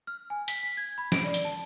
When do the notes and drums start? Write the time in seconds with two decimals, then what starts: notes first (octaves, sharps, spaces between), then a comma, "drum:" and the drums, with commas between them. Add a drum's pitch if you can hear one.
0.07 F6
0.30 G#5
0.48 B6, drum: hi-hat
0.63 B6
0.77 G#6
0.98 B5
1.12 D7, drum: snare
1.24 D5
1.34 drum: hi-hat
1.45 A5